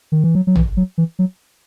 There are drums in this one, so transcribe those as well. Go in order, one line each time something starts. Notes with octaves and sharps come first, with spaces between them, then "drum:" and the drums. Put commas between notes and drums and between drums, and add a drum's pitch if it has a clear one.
D#3
E3
F#3
F#3
E3, drum: tom
F#3
E3
F#3